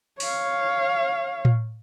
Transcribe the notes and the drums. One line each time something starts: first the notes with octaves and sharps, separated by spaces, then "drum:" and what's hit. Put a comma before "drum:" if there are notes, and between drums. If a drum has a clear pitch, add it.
C#5 F5, drum: open hi-hat
drum: tom A2